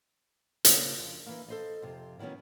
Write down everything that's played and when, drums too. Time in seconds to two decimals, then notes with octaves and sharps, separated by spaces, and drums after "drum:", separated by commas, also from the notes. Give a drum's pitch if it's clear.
0.65 C#3 A#3 D4, drum: hi-hat
0.98 F2
1.26 E3 A#3
1.48 A4 C5 D#5
1.82 F2 C3
2.19 D#3 E3 F#3 B3 C#4